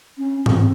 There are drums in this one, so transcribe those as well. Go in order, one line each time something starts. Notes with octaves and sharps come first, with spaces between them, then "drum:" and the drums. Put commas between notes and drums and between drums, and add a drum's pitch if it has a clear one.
C#4
C4, drum: tom G#2